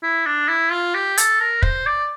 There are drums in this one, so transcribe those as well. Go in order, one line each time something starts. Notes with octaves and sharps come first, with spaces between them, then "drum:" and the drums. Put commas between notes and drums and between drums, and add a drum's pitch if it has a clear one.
E4
D4
E4
F4
G4
A4, drum: hi-hat
A#4
C5, drum: kick
D5